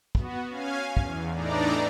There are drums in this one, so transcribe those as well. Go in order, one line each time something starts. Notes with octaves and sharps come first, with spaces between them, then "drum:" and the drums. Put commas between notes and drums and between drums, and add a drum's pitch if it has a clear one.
B3 F#4, drum: kick
C#4 F5 G#5
E2, drum: kick
A2 E3 D4 D#4 D5 A#5